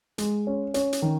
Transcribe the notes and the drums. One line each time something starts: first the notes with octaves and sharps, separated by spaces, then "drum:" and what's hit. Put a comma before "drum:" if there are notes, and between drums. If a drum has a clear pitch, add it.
G#3, drum: hi-hat
C#4
C#4, drum: hi-hat
drum: hi-hat
D#3